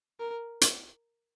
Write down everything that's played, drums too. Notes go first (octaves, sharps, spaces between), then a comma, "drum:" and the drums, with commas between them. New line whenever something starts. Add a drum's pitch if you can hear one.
A#4
drum: hi-hat